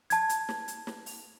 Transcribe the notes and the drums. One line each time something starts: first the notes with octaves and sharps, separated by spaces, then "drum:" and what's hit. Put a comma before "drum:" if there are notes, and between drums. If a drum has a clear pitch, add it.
A5 G#6, drum: hi-hat
drum: hi-hat
drum: snare
drum: hi-hat
drum: snare
drum: open hi-hat